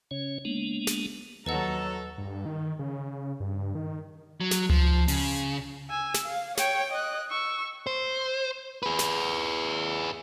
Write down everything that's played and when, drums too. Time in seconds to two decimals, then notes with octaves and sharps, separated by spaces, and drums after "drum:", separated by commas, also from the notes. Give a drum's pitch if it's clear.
0.11 C#3 C#4 C#5
0.45 G#3 A#3 B3 D4
0.87 drum: snare
1.46 D#2 F#3 A4 B4 D#5 F#5 A#5
2.18 G2
2.46 D#3
2.79 C#3
3.40 G2
3.75 D#3
4.41 F#3
4.51 drum: snare
4.70 F3, drum: tom C#2
5.08 C#3, drum: open hi-hat
5.90 G#5 E6
6.14 drum: snare
6.26 F5
6.57 C#5 G5, drum: snare
6.92 D#5 F#6
7.31 C#6 E6
7.87 C5
8.83 G#4 B4
8.99 drum: snare